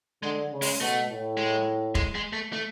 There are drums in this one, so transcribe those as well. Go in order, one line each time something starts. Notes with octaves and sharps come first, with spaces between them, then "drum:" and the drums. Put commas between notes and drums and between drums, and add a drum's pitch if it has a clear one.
D3 G#3
C#3
G#3, drum: open hi-hat
B2 A3
A2
G#3
G#3, drum: kick E1
G#3
A3
A3